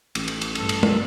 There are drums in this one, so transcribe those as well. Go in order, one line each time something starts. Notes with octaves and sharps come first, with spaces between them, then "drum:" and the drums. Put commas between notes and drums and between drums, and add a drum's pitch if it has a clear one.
A1, drum: cymbal
drum: cymbal
drum: cymbal
G2 A4, drum: cymbal
drum: cymbal
drum: tom